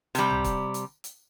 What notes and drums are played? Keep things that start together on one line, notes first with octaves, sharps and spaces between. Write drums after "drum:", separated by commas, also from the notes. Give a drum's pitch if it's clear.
C3 G3, drum: hi-hat
drum: tom C2
drum: kick, hi-hat
drum: hi-hat
drum: hi-hat